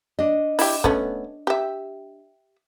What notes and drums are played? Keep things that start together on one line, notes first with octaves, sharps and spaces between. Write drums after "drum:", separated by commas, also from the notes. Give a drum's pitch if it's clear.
D4 D#5
E4 G4, drum: open hi-hat
A3 B3 C#4, drum: kick
G4 E5